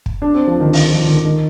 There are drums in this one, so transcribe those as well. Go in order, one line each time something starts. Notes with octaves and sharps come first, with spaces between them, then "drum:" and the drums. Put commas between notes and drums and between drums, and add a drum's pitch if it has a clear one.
drum: kick
D4
C4
F3
D#3
D#3, drum: open hi-hat
F3
D#3
D#3